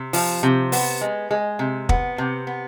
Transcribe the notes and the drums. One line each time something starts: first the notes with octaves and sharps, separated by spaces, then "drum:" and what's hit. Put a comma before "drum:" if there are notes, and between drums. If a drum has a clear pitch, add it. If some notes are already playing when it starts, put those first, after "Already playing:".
Already playing: C3
F3, drum: open hi-hat
C3
B3, drum: open hi-hat
G#3
G#3
C3
B3, drum: kick
C3
B3